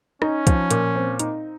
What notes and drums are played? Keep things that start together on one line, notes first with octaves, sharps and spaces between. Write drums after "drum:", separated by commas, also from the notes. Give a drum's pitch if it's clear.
C#4 D#4, drum: rim click
F3, drum: kick, hi-hat
A#2, drum: hi-hat
C4
D#4, drum: hi-hat